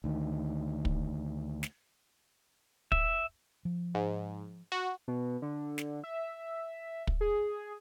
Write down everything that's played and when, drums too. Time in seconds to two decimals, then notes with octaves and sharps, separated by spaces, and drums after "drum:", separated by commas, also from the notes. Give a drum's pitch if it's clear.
0.04 D2 D#3
0.85 drum: kick
1.63 drum: snare
2.92 E5, drum: kick
3.65 F3
3.95 G#2
4.72 F#4
5.08 B2
5.42 D3
5.78 drum: snare
6.04 E5
7.07 drum: kick
7.21 G#4